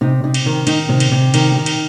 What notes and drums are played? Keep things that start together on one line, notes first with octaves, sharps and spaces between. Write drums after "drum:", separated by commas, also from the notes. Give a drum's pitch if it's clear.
C3 D#4
C3 D#4
drum: cymbal
D#3
D#3 D#4, drum: cymbal
C3 D#4
drum: cymbal
C3
D#3, drum: cymbal
D#3
drum: cymbal